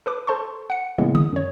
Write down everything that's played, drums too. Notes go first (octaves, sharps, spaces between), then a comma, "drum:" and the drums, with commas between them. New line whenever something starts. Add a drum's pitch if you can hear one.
A4 B4 D6
A4 C5 A5 C6 C#6
F#5 C#7
A2 C#3 E3 G#3 A#3 B3
D#6, drum: tom
F#2 C#5